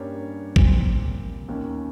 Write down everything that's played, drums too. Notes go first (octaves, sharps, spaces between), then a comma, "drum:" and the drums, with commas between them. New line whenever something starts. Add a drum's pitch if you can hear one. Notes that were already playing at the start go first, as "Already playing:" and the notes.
Already playing: G2 G3 A#3 C#4 C#5
A#2 G3 C4, drum: kick
D#2 D#3 A#3 C#4